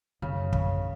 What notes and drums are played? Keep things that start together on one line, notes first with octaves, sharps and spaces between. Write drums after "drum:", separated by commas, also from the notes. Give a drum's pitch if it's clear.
F#2 C#3
C#3, drum: kick